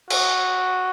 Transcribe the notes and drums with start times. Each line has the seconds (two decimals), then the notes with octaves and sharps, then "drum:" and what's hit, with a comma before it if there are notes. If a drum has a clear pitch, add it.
0.10 F#4, drum: cymbal